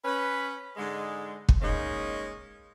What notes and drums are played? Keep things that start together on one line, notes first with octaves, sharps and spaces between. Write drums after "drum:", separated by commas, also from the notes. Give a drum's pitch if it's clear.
C#4 B4
G#2 D3 G#3
drum: kick
G#3 A#3 C#4 D#4